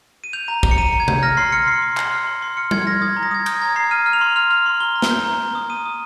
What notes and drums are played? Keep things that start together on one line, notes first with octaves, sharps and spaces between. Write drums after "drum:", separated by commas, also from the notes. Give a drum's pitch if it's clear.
D#7
G6 F7
A#5
A#5, drum: kick
C#7
A#5 D#7
A#5
G#6
G6, drum: tom C3
F6 A#6
C6 C7
F6 C#7
C6 C7
C6
C6, drum: clap
F6 C7
C6
C6
F6 C#7
C6 G#6, drum: tom G3
F6 A#6
D#6 G#6
A#5
A#6
D#6 G#6
D#6 G6, drum: cymbal
A#5 G#6
A#5 C7
F6 D#7
F6
F7
C6
F6 F7
F6
C6
A#5 G7
A#5
G7, drum: snare
G6
A#5
A#5
D#6
D#6 D#7
D#6